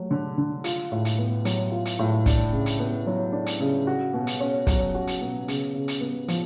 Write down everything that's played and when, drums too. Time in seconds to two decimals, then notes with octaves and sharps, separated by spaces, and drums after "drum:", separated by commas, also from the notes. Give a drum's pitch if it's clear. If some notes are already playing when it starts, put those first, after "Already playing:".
Already playing: F#3 A3
0.11 D3
0.38 D3
0.64 F4, drum: hi-hat
0.92 A2
1.05 drum: hi-hat
1.18 B3
1.45 F#3, drum: hi-hat
1.72 F4
1.85 drum: hi-hat
1.99 A2
2.26 D4, drum: kick, hi-hat
2.53 C#3
2.66 drum: hi-hat
2.79 B3
3.07 F#3
3.32 D4
3.46 drum: hi-hat
3.60 C#3
3.87 F#4
4.13 B2
4.27 drum: hi-hat
4.40 C#4
4.67 F#3, drum: kick, hi-hat
4.95 F#4
5.07 drum: hi-hat
5.21 B2
5.48 C#3, drum: hi-hat
5.74 C#3
5.88 drum: hi-hat
6.01 B3
6.28 F3, drum: hi-hat